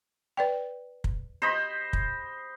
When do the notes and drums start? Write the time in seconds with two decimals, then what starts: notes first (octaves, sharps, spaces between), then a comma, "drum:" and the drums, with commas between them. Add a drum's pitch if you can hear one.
0.37 B4 D5 G5
1.04 drum: kick
1.42 C5 D#5 B5
1.93 drum: kick